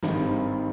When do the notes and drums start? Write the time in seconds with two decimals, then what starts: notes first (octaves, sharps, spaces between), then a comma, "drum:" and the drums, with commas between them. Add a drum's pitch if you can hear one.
0.03 G#1 G2 D#3 G3, drum: snare